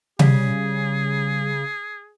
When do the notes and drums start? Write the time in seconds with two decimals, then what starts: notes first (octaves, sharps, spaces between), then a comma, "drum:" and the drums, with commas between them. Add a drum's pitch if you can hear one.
0.19 C#3 G3 G#4 B6, drum: tom C3